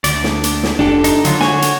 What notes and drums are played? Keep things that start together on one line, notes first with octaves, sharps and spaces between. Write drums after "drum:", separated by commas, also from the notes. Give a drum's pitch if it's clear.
D2 D5, drum: hi-hat
drum: snare
drum: hi-hat
drum: snare
F1 D4 G4 A4
D#4, drum: hi-hat
D3 F#3 F4, drum: hi-hat
F#4 C#5 G#5, drum: snare
drum: hi-hat